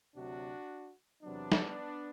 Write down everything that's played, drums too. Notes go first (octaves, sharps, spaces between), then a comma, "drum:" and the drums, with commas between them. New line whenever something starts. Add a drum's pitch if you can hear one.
D2 C3 F#3 D4 F#4
E2 C3 F#3 B3 D4
drum: snare